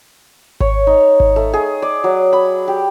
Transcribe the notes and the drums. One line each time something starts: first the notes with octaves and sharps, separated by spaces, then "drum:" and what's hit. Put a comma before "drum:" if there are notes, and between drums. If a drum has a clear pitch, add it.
C#5, drum: kick G#1
D#4
drum: kick G#1
A3
G#4
D5
F#3
B5
G4